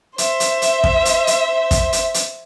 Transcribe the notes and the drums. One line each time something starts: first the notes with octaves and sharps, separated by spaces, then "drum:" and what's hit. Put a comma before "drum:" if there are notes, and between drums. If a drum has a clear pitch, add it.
C5 E5, drum: hi-hat
drum: hi-hat
drum: hi-hat
drum: kick
drum: hi-hat
drum: hi-hat
drum: kick, hi-hat
drum: hi-hat
drum: hi-hat